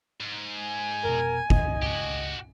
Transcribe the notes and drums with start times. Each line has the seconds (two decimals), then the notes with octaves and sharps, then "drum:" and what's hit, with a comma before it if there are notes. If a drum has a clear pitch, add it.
0.20 G#2
0.59 G#5
1.05 F1 B2 A#4
1.50 D#2 D#5, drum: kick
1.82 C#2 F#4 G4